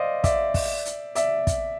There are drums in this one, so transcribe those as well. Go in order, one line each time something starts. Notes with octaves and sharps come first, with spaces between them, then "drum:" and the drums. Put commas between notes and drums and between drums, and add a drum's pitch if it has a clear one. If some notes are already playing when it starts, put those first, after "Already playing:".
Already playing: C5 D5 D#5 F5
D5 E5, drum: kick, hi-hat
drum: kick, open hi-hat
drum: hi-hat
D5 E5, drum: hi-hat
drum: kick, hi-hat